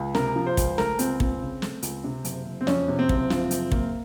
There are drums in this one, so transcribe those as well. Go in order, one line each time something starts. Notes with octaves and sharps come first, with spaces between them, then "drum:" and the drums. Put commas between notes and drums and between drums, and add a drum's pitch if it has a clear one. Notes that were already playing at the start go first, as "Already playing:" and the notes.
Already playing: C#2
C3 A#4, drum: snare
F3
C5
C#2, drum: kick, hi-hat
A3 A#4, drum: snare
C#2 C4, drum: hi-hat
C#2 C4, drum: kick
C#3
A3, drum: snare
C#2, drum: hi-hat
C3
F#1, drum: hi-hat
F#1
C4
F2 C#4, drum: snare
C3
C4
F#1, drum: kick
F3, drum: snare
F#1, drum: hi-hat
A#3, drum: kick